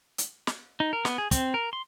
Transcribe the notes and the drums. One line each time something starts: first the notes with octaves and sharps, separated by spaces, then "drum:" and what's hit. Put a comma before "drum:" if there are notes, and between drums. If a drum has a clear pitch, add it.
drum: hi-hat
drum: snare
D#4
A#4
B3, drum: snare
G#4
C4, drum: kick, hi-hat
A#4
C6